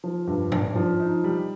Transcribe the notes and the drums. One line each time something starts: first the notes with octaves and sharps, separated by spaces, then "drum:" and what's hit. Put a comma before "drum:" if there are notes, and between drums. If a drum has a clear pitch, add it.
F3
G2
D4, drum: tom G#2
F3
D#4
G3